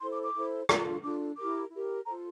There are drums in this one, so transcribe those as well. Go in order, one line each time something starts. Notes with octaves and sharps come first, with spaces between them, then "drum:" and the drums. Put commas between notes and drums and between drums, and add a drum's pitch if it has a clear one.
E4 A4 C5 C6
D6
D6
E4 A4 C5
D4 F4 A4, drum: rim click
D4 F4 A4 D6
E4 G4 A#4 D6
E4 G4 A#4
F4 A4 C5 A#5